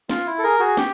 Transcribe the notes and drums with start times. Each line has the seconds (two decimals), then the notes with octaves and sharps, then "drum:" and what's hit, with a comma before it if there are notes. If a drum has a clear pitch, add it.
0.09 F4, drum: snare
0.27 E4
0.39 A4
0.43 G#4 A#4
0.60 F#4 G#4
0.77 G4, drum: snare